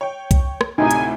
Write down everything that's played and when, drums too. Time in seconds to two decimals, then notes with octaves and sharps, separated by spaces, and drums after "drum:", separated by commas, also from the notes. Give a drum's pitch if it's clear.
0.01 C#5 G5
0.31 drum: kick, hi-hat
0.61 drum: rim click
0.78 D2 A2 C3 D#4 G#5
0.91 drum: hi-hat